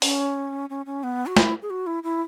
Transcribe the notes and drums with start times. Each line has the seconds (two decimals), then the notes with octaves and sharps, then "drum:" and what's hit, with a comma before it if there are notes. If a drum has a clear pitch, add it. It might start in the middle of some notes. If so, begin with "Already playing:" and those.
0.02 C#4, drum: open hi-hat
0.70 C#4
0.86 C#4
1.03 B3
1.27 F#4
1.37 E4, drum: snare
1.62 G#4
1.70 F#4
1.87 E4
2.03 E4